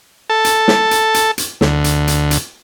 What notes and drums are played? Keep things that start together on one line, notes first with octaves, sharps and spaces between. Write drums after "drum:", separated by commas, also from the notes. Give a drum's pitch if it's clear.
A4
drum: hi-hat
drum: snare
drum: hi-hat
drum: hi-hat
drum: hi-hat
D2, drum: snare
drum: hi-hat
drum: hi-hat
drum: hi-hat